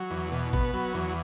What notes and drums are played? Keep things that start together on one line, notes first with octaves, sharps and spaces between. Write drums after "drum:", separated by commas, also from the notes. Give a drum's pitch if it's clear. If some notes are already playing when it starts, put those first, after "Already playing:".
Already playing: F#3
E2
B2
B3, drum: kick G#1
F#3
E2